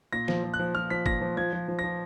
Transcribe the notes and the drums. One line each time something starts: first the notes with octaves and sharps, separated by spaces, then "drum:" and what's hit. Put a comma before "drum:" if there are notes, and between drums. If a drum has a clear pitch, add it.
A#2 A#6
F3, drum: snare
F3
F#6
F3
F3 F6
F3 B6
A#2 A#6, drum: kick
F3
F3 G#6
F3
F3
F3 A#6